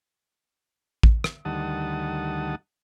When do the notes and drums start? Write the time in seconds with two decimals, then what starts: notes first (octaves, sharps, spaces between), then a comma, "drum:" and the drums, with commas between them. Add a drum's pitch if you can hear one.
1.03 drum: kick A1
1.24 drum: rim click
1.45 D2 D#3 G3 F#5 A5 D#6